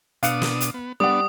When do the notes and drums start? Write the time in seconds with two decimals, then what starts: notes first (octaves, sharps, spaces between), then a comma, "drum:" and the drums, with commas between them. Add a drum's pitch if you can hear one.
0.23 B2 D4 F5 D#6 F#6 C#7, drum: hi-hat
0.42 drum: snare
0.61 drum: hi-hat
0.74 B3
1.00 G3 B3 D4 D5 F#5 D#6